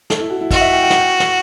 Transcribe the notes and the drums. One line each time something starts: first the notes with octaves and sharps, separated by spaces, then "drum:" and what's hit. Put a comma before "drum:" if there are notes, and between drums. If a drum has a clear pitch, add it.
A4, drum: snare
E4
F#4
E4
F#4 D#5, drum: kick, cymbal
E5
G5
G5
F#5, drum: snare
G5
drum: snare